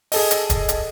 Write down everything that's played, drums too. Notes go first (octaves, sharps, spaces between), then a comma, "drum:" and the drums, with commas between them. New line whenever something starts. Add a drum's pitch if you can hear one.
G#4 A4 D#5, drum: open hi-hat
drum: hi-hat
drum: kick, hi-hat
drum: hi-hat